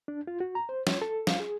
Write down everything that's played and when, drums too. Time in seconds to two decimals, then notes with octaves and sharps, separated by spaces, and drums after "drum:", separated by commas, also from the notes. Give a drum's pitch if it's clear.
0.08 D4
0.27 F4
0.40 F#4
0.55 A#5
0.69 C5
0.87 C#5, drum: snare
1.02 A4
1.27 F5, drum: snare
1.40 G#4